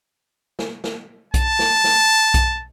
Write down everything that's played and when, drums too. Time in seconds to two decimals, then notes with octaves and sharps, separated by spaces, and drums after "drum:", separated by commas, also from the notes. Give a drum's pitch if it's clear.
0.59 drum: snare
0.84 drum: snare
1.34 A5, drum: kick B1, hi-hat
1.59 drum: snare
1.84 drum: snare
2.34 drum: kick B1, hi-hat